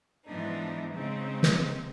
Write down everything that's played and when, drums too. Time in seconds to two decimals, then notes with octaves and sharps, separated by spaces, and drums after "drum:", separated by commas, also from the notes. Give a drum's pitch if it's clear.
0.26 G#2 E3 F3 B3 D4 D#4
0.93 C#3 G#3 C4 D#4
1.43 drum: snare